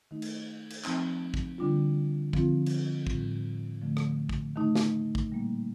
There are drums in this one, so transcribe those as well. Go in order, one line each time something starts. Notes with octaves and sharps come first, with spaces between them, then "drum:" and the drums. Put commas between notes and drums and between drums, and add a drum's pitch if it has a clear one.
D#3 A3 D#4
drum: cymbal
drum: cymbal
F3 C4 D#4, drum: clap
drum: kick
D3 G3 D4 F4
D3 F3 C4 F4, drum: kick
drum: cymbal
A2 G3 C4 F4, drum: kick
D3 F3 A3
drum: rim click
drum: kick
D#3 A3 D#4
drum: snare
drum: kick
A#2 G3 A#3